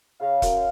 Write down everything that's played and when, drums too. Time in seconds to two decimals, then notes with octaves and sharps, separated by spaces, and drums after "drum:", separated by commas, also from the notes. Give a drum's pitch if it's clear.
0.20 C#3 F5
0.42 F#2, drum: kick E1, hi-hat